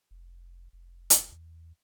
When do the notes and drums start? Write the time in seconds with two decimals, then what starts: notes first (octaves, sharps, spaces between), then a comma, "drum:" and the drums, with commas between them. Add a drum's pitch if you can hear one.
0.11 F1
0.73 F1
1.10 drum: hi-hat
1.32 E2